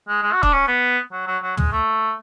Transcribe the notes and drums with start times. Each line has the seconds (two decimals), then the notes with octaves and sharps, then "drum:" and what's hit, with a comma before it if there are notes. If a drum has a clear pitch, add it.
0.09 G#3
0.23 G#3
0.33 F#4
0.43 D4, drum: kick
0.53 C#4
0.68 B3
1.12 F#3
1.27 F#3
1.43 F#3
1.57 G#3, drum: tom
1.72 A3